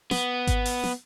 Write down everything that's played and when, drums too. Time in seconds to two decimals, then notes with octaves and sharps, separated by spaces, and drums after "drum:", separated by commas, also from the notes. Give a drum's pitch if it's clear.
0.11 B3, drum: snare
0.47 drum: kick G#1, hi-hat
0.65 drum: open hi-hat
0.84 drum: snare